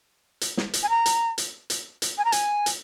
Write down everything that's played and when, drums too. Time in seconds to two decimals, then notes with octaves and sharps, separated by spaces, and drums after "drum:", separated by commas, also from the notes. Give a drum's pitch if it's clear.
0.41 drum: hi-hat
0.57 drum: snare
0.73 drum: hi-hat
0.83 G#5
0.90 A#5
1.06 drum: hi-hat
1.38 drum: hi-hat
1.70 drum: hi-hat
2.02 drum: hi-hat
2.18 G#5
2.25 A#5
2.32 G#5, drum: hi-hat
2.66 drum: hi-hat